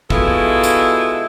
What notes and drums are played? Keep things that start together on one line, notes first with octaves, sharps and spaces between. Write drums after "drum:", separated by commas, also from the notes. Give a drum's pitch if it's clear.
B2 G#3 E4 F4 A4, drum: kick
drum: tambourine